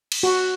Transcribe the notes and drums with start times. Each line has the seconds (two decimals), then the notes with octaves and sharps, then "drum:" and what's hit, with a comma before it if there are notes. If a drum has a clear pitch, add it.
0.12 drum: cymbal
0.23 F#4